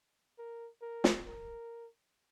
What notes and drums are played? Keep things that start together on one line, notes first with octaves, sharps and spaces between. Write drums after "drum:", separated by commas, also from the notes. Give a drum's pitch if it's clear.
A#4
A#4
drum: snare
A#4